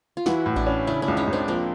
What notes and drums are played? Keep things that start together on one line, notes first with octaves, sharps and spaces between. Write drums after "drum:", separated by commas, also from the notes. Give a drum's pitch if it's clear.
F4
E3 E4 F#4, drum: snare
A2
D4 E4, drum: kick A1
C#4
C#3 D4 E4
D4 E4
C#2
C#4 D#4
C#2
C4 D4
F3 A#3 C4